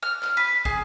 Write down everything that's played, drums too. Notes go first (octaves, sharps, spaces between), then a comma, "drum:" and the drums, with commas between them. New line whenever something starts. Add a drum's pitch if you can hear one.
F6
drum: clap
B4
G#4, drum: kick